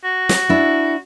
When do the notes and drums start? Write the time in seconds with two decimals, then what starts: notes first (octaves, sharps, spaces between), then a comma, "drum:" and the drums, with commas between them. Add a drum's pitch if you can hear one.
0.04 F#4
0.29 drum: snare
0.49 D4 E4